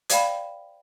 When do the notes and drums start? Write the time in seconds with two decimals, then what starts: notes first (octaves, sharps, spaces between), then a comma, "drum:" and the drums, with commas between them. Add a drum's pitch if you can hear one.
0.10 C5 D5 F5 G5 B5, drum: hi-hat